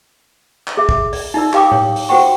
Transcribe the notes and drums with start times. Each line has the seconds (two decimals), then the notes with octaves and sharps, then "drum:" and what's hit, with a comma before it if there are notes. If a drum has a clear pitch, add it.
0.67 drum: clap
0.77 G#4 E5
0.89 drum: kick
1.13 D5, drum: open hi-hat
1.34 D#4 E4 D5 E6
1.53 G4 F5 G5 D6 D#6, drum: clap
1.72 C#5, drum: tom A2
1.96 drum: open hi-hat
2.09 F#4 C5 F#5 G5 C#6